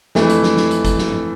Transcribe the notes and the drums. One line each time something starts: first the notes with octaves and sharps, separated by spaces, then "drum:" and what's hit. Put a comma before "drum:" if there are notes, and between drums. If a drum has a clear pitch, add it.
F2 E3 A3, drum: snare
drum: hi-hat
drum: snare
drum: snare
drum: hi-hat
drum: kick, hi-hat
drum: snare
drum: tom G#2